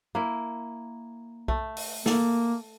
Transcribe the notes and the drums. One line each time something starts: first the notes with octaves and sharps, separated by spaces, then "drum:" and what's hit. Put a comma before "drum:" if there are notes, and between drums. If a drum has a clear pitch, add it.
A#3 E4
A3, drum: kick B1
drum: open hi-hat
A#3 A4, drum: snare